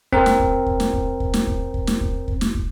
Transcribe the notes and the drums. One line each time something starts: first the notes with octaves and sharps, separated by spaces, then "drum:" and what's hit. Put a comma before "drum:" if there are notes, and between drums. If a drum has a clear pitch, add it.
C4 A#4, drum: kick
drum: snare
drum: kick
drum: kick
drum: snare
drum: kick
drum: kick
drum: snare
drum: kick
drum: kick
drum: snare
drum: kick
drum: kick
drum: snare
drum: kick